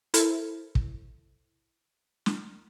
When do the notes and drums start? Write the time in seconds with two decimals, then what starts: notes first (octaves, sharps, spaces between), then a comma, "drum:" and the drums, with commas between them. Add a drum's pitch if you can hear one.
0.14 E4 A4 A#4 C5, drum: hi-hat
0.75 drum: kick
2.26 drum: snare